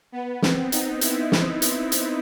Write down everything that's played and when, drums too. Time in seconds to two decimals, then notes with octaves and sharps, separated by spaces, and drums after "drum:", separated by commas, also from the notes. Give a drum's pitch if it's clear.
0.12 B3
0.42 C4, drum: snare
0.72 D#4, drum: hi-hat
1.01 E4, drum: hi-hat
1.32 drum: snare
1.62 drum: hi-hat
1.92 drum: hi-hat